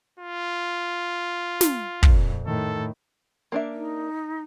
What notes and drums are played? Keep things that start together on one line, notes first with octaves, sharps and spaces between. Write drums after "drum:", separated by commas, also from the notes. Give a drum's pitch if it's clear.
F4
drum: snare
F2 A#2, drum: kick
A2 D#3 A4
A#3 D4 E5
D#4